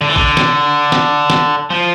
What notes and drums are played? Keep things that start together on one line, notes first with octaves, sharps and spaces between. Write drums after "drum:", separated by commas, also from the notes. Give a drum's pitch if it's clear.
D3
E3
D3, drum: kick A1
drum: snare
drum: snare
drum: snare
F3